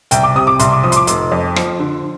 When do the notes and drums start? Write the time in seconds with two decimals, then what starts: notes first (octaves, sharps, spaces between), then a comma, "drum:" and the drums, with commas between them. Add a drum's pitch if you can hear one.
0.11 C2 G5, drum: hi-hat
0.23 D6
0.35 C3 D#6
0.47 D6
0.59 C2 C6, drum: hi-hat
0.72 D6
0.83 F3 D#6
0.92 C6, drum: hi-hat
0.96 D6
1.07 F1 C6, drum: hi-hat
1.32 F2
1.56 F3, drum: rim click
1.80 D3